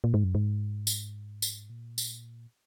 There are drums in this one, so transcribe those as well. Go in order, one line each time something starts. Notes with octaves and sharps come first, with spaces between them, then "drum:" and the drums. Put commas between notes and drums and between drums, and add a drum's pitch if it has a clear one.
A#2
G#2
F#2
G#2
drum: tambourine
drum: tambourine
A#2
drum: tambourine